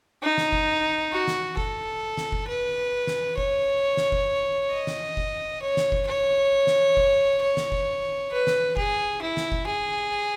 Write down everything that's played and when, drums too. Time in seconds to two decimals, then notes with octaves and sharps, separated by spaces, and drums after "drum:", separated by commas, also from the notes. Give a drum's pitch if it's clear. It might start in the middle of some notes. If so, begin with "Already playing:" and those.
0.23 D#4
0.38 drum: snare
0.53 drum: kick F#1
1.12 F#4
1.27 drum: snare
1.57 A4, drum: kick F#1
2.17 drum: snare
2.32 drum: kick F#1
2.48 B4
3.07 drum: snare
3.38 C#5, drum: kick F#1
3.97 drum: snare
4.12 drum: kick F#1
4.72 D#5
4.87 drum: snare
5.17 drum: kick F#1
5.62 C#5
5.77 drum: snare
5.92 drum: kick F#1
6.07 C#5
6.67 drum: snare
6.97 drum: kick F#1
7.42 C#5
7.57 drum: snare
7.72 drum: kick F#1
8.32 B4
8.47 drum: snare
8.77 G#4, drum: kick F#1
9.22 E4
9.37 drum: snare
9.52 drum: kick F#1
9.67 G#4